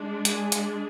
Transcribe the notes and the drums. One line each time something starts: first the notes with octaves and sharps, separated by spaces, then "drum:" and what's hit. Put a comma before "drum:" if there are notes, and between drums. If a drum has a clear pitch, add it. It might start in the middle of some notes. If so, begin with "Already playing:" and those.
Already playing: G#3 D4
G#4 G#5, drum: hi-hat
drum: hi-hat